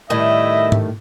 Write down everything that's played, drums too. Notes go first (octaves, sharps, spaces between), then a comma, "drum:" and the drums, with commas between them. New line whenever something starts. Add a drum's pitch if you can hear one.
A2 D#3 G3 E4 D#5 E5
drum: tom G#2